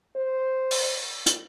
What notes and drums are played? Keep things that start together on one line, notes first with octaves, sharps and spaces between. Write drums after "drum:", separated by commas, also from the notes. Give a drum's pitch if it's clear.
C5
drum: open hi-hat
drum: hi-hat